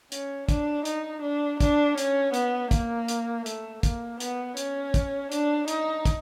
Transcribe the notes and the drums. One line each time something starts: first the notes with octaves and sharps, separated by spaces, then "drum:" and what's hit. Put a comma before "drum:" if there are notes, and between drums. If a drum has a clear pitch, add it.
C#4, drum: hi-hat
D4, drum: kick, hi-hat
D#4, drum: hi-hat
D4
D4, drum: kick, hi-hat
C#4, drum: hi-hat
B3, drum: hi-hat
A#3, drum: kick, hi-hat
drum: hi-hat
A3, drum: hi-hat
A#3, drum: kick, hi-hat
B3, drum: hi-hat
C#4, drum: hi-hat
drum: kick, hi-hat
D4, drum: hi-hat
D#4, drum: hi-hat
drum: kick, hi-hat